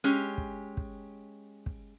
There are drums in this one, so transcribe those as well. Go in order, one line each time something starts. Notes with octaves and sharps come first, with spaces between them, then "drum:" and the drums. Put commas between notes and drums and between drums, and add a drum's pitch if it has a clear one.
G#3 C#4 G4
drum: kick
drum: kick
drum: kick